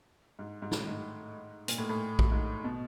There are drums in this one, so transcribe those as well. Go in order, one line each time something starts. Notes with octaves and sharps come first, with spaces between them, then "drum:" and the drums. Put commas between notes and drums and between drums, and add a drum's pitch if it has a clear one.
G#2
G#2
A2, drum: snare
G#2
A#2, drum: hi-hat
A2
A2
drum: kick A#1
G#2
B2